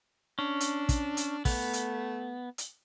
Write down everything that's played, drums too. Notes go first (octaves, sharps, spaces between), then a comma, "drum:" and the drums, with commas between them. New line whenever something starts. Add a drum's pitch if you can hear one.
C#4 D4
drum: hi-hat
drum: kick, hi-hat
drum: hi-hat
A3 B3, drum: kick, open hi-hat
drum: hi-hat
drum: hi-hat